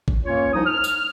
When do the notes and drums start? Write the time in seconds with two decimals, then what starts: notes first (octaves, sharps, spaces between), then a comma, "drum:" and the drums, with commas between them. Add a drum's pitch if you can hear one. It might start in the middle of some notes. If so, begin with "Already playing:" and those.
0.08 drum: kick G#1
0.24 C#2 F#2 A#3 C#4 F4 C#5
0.53 C2 F3 D#4 D#6
0.65 F6
0.84 drum: tambourine